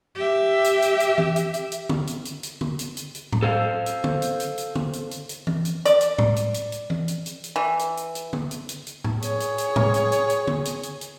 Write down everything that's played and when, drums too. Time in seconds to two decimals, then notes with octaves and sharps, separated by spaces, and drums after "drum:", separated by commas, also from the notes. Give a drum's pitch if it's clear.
0.15 G4 E5
0.64 drum: hi-hat
0.82 drum: hi-hat
1.00 drum: hi-hat
1.18 drum: tom E3
1.36 drum: hi-hat
1.54 drum: hi-hat
1.72 drum: hi-hat
1.89 drum: tom
2.07 drum: hi-hat
2.25 drum: hi-hat
2.43 drum: hi-hat
2.61 drum: tom
2.79 drum: hi-hat
2.97 drum: hi-hat
3.15 drum: hi-hat
3.32 drum: tom A2
3.42 A4 C5 F5
3.86 drum: hi-hat
4.04 drum: tom
4.22 drum: hi-hat
4.40 drum: hi-hat
4.58 drum: hi-hat
4.75 drum: tom
4.93 drum: hi-hat
5.11 drum: hi-hat
5.29 drum: hi-hat
5.47 drum: tom E3
5.65 drum: hi-hat
5.85 D5, drum: hi-hat
6.01 drum: hi-hat
6.18 drum: tom A2
6.36 drum: hi-hat
6.54 drum: hi-hat
6.72 drum: hi-hat
6.90 drum: tom E3
7.08 drum: hi-hat
7.26 drum: hi-hat
7.44 drum: hi-hat
7.56 E3
7.79 drum: hi-hat
7.97 drum: hi-hat
8.15 drum: hi-hat
8.33 drum: tom
8.51 drum: hi-hat
8.69 drum: hi-hat
8.87 drum: hi-hat
9.04 drum: tom
9.22 G#4 C#5, drum: hi-hat
9.40 drum: hi-hat
9.58 drum: hi-hat
9.76 drum: tom A2
9.94 drum: hi-hat
10.12 drum: hi-hat
10.30 drum: hi-hat
10.47 drum: tom
10.65 drum: hi-hat
10.83 drum: hi-hat
11.01 drum: hi-hat